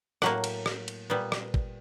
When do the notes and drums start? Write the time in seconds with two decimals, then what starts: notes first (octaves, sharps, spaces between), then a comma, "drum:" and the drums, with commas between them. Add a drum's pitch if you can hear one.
0.22 A2 F#3 A#3 F#5, drum: rim click
0.44 drum: cymbal
0.66 drum: rim click
0.88 drum: cymbal
1.10 A#2 G3 B3
1.32 drum: rim click
1.54 drum: kick